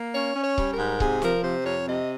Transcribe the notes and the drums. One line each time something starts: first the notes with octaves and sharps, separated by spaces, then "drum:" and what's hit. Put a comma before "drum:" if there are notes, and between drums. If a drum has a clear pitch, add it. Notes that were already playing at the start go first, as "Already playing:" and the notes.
Already playing: A#3
C#4 C#5
C#4
C#5
G3, drum: kick C#1
A#4
G#2
C3 G#4, drum: kick C#1
F3 A#4, drum: snare
C3 C5
F2 C#5
C3 D#5